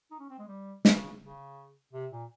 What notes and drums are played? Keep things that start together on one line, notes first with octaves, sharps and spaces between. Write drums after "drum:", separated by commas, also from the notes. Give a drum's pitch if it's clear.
D#4
C#4
C4
G#3
G3
C#3, drum: snare
C#3
C3
A#2